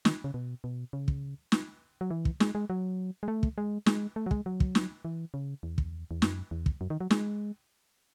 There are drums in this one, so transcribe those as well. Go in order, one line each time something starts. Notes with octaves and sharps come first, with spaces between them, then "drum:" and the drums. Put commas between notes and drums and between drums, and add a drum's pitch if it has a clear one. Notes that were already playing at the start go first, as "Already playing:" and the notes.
D#3, drum: snare
C#3
B2
B2
C#3
drum: kick
drum: snare
F#3
E3
drum: kick
G#3, drum: snare
G#3
F#3
G#3
A3
drum: kick
G#3
G#3, drum: snare
A3
F#3
G#3, drum: kick
F#3
drum: kick
drum: snare
E3
C#3
E2
drum: kick
E2
F#2, drum: snare
E2
drum: kick
F#2
D#3
F#3
G#3, drum: snare